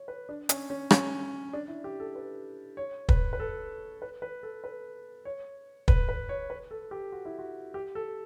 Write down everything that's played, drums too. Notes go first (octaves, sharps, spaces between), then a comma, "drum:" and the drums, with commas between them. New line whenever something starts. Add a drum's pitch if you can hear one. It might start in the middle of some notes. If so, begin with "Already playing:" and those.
Already playing: C#5
B4
D4
C#4, drum: hi-hat
C#4
C#4, drum: rim click
D4
E4
G4
A4
B4
C#5
B4, drum: kick
B4
A4
B4
B4
A4
B4
C#5
B4, drum: kick
B4
C#5
B4
A4
G4
F#4
E4
F#4
G4
A4